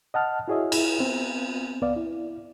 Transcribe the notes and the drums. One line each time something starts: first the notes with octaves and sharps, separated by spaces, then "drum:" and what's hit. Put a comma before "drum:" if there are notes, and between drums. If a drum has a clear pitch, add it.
D#5 F#5 A5 F6
E4 F#4 G#4 C#5 D#5 E5
E4 G#4, drum: cymbal
B3 C4
C#2 B3 D5 F5
E4